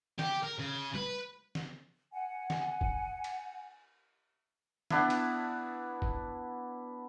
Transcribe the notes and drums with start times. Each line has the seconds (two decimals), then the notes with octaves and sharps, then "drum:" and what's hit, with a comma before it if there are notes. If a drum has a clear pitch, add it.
0.19 G4, drum: snare
0.44 A#4
0.60 C#3
0.95 B4, drum: tom G3
1.55 drum: snare
2.12 F#5 G#5
2.50 drum: snare
2.81 drum: kick
3.24 drum: cymbal
4.90 B3 D4 E4, drum: snare
5.10 drum: cymbal
6.02 drum: kick